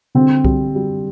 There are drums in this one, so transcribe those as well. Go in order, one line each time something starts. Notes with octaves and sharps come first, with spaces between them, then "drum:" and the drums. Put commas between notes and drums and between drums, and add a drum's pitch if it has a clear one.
D3 C4
G3, drum: kick C2
G3